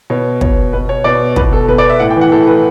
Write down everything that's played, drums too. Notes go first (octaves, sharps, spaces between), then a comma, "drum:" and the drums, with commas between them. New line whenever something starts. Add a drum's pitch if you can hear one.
B2 C#5
B2 C#5, drum: kick
B2 B4
C#5
B2 D5
B2 B4, drum: kick
A4
B2 B4
D5
E5
A2 F#5
G5
E3
F#5
A2 A4
E3 B4